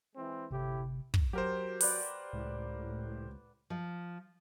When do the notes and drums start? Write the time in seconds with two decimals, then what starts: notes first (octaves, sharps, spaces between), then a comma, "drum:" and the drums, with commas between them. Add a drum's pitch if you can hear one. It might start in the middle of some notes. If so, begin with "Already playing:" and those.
0.15 E3 G#3 C4
0.51 G1 A2 C3 E4 G4
1.14 drum: kick
1.33 F#3 G4 A#4 C5
1.81 B4 D5 F#5, drum: open hi-hat
2.33 C#2 A2
3.70 F3